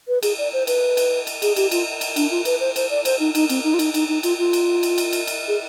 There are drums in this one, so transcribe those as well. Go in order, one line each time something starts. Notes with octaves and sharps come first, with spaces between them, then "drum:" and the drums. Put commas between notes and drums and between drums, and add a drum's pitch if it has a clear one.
B4
G#4, drum: cymbal
D5
C5
B4, drum: cymbal
drum: cymbal
drum: cymbal
G#4, drum: cymbal
G4, drum: cymbal
F4, drum: cymbal
drum: cymbal
D4, drum: cymbal
F4
B4, drum: cymbal
C5
C5, drum: cymbal
D5
C5, drum: cymbal
D#4
D#4, drum: cymbal
C4, drum: cymbal
D#4
F4
D#4, drum: cymbal
D#4, drum: cymbal
D#4
F4, drum: cymbal
F4
drum: cymbal
drum: cymbal
drum: cymbal
drum: cymbal
drum: cymbal
G#4